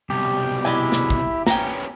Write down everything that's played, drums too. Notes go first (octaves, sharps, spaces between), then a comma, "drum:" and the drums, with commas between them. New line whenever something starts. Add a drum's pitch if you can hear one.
C2 B2 G4
G#3 E4 D5 E5 G#5
drum: snare
drum: kick
B3 C#4 G5 A#5, drum: snare